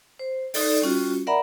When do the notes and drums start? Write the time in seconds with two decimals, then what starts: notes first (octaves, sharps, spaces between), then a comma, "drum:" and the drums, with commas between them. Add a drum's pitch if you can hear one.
0.19 C5
0.54 D#4 A4 D5, drum: open hi-hat
0.82 G3 C#4 F4 F#4
1.27 A#4 D5 E5 F#5 A#5 B5